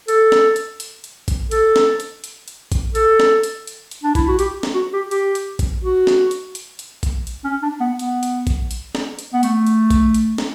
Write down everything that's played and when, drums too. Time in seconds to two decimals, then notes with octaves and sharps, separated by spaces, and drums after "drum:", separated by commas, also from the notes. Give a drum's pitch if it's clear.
0.08 A4, drum: hi-hat
0.32 drum: snare
0.56 drum: hi-hat
0.80 drum: hi-hat
1.04 drum: hi-hat
1.28 drum: kick, hi-hat
1.51 A4, drum: hi-hat
1.76 drum: snare
2.00 drum: hi-hat
2.24 drum: hi-hat
2.48 drum: hi-hat
2.72 drum: kick, hi-hat
2.95 A4, drum: hi-hat
3.20 drum: snare
3.43 drum: hi-hat
3.67 drum: hi-hat
3.91 drum: hi-hat
4.04 D4
4.15 E4, drum: kick, hi-hat
4.28 F#4
4.39 G4, drum: hi-hat
4.63 drum: snare
4.75 F#4
4.94 G4
5.11 G4, drum: hi-hat
5.35 drum: hi-hat
5.59 drum: kick, hi-hat
5.84 F#4
6.07 drum: snare
6.31 drum: hi-hat
6.55 drum: hi-hat
6.79 drum: hi-hat
7.03 drum: kick, hi-hat
7.27 drum: hi-hat
7.44 C#4
7.62 D4
7.80 B3
7.99 B3, drum: hi-hat
8.23 drum: hi-hat
8.47 drum: kick, hi-hat
8.71 drum: hi-hat
8.95 drum: snare
9.19 drum: hi-hat
9.34 B3
9.43 A3, drum: hi-hat
9.67 drum: hi-hat
9.90 drum: kick, hi-hat
10.14 drum: hi-hat
10.38 drum: snare